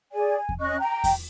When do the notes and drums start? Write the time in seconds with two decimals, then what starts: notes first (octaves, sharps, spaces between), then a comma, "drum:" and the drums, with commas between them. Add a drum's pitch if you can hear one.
0.12 G#4 D5 G#5
0.38 G#5
0.49 drum: kick E2
0.60 C#4 D#5 C#6 F#6
0.78 G5 A#5
1.04 drum: kick E2, open hi-hat